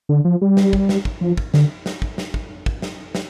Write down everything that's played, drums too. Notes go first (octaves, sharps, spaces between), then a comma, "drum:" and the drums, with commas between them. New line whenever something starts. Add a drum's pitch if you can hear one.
D3
F3
G3
drum: snare
drum: kick
drum: snare
drum: kick
F3
drum: kick
D3, drum: snare
drum: snare
drum: kick
drum: snare
drum: kick
drum: kick
drum: snare
drum: snare